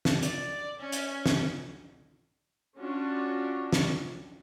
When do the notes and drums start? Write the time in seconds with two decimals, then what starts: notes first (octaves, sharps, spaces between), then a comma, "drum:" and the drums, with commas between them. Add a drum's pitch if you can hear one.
0.05 drum: snare
0.22 D5, drum: hi-hat
0.80 C#4
0.92 drum: hi-hat
1.26 drum: snare
2.79 C#4 D4 F4 F#4
3.73 drum: snare